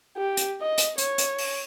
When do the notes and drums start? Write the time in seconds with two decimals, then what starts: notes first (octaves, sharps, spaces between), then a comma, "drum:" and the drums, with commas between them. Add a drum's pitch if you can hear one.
0.17 G4
0.37 drum: hi-hat
0.61 D#5
0.78 drum: hi-hat
0.98 C#5, drum: hi-hat
1.18 drum: hi-hat
1.38 drum: open hi-hat